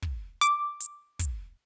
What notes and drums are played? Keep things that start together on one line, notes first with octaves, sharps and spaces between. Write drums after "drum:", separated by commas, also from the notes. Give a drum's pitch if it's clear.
drum: kick
D6, drum: hi-hat
drum: hi-hat
drum: kick, hi-hat